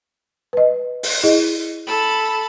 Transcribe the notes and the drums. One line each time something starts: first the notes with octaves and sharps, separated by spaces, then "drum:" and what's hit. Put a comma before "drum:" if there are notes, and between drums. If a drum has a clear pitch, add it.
B4 D#5
drum: open hi-hat
E4 G#4 D#5
A4 A5 B5